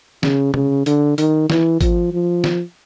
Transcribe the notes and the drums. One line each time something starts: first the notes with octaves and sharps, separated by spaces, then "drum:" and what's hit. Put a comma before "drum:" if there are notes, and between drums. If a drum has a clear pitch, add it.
C#3, drum: snare
C#3, drum: tom C3
D3, drum: hi-hat
D#3, drum: hi-hat
E3, drum: snare
F3, drum: kick G#1, hi-hat
F3
drum: snare